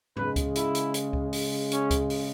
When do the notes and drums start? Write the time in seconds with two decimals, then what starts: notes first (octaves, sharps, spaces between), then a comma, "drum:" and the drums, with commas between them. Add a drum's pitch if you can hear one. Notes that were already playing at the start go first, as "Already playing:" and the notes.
0.17 C#3 G#3 B4, drum: tom
0.36 drum: kick C#2, hi-hat
0.55 E4, drum: hi-hat
0.75 drum: hi-hat
0.94 drum: hi-hat
1.13 drum: kick C#2
1.33 drum: open hi-hat
1.71 C#4, drum: hi-hat
1.91 drum: kick C#2, hi-hat
2.10 drum: open hi-hat